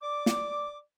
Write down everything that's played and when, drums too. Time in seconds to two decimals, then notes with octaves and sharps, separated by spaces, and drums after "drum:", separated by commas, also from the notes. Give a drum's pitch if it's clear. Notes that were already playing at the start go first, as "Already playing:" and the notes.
0.02 D5 D6
0.26 drum: snare